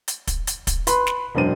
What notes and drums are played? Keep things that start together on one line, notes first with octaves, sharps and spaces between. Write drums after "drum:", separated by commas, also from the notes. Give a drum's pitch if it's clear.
drum: hi-hat
drum: kick, hi-hat
drum: hi-hat
drum: kick, hi-hat
B4 B5 C6, drum: hi-hat
drum: snare
E1 F#2 D4 C5 D#7